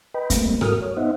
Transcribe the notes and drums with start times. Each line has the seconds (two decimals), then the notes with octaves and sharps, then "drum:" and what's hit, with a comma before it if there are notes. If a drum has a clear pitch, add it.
0.14 B4 D#5 G5 B5
0.30 G3 A3 A#3 C4, drum: kick, hi-hat
0.61 G#2 F#4 A4 A#4 D#6 F6, drum: rim click
0.82 C#5
0.97 B3 D#4 C5 D#5 E5 F#5